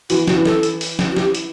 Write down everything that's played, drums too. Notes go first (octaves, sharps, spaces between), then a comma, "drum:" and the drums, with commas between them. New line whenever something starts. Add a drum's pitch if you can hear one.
E3 F#4, drum: open hi-hat
F#4, drum: snare
E3
A4, drum: snare
drum: hi-hat
drum: open hi-hat
drum: snare
F#4
G4, drum: snare
drum: hi-hat